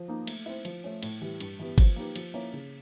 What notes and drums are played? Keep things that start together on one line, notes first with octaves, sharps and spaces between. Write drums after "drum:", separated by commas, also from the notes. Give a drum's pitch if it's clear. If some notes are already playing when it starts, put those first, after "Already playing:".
Already playing: F3
A#3 D#4
A3, drum: cymbal
C4 E4
F3, drum: cymbal
A3 C#4
A2, drum: cymbal
E3 G3
G2, drum: cymbal
E3 G3 B3
F3, drum: kick G1, cymbal
A#3 D#4 G4 B4
F3, drum: cymbal
A#3 C#4 E4
C#3